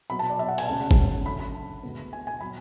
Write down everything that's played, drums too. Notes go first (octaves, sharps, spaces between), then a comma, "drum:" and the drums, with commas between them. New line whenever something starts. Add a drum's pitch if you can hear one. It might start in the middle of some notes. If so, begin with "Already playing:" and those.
B2 F#3 B3 B5
A5
D5
E5
F#5
G#5, drum: cymbal
D2 C#3 G#3 C#4 A5
drum: kick G1
F#2 D3 A3 B5
B5
A5
D2 D3 G#3 B3
G#5
G#5
B2 F#3 B5